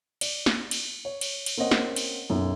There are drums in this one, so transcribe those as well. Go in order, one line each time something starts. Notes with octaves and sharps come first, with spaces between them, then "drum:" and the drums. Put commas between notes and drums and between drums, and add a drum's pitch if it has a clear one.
D5, drum: cymbal
drum: snare
drum: cymbal
C#5
drum: cymbal
drum: cymbal
A#3 C4 C#4 C#5 D#5 F#5
drum: snare
drum: cymbal
B1 F#2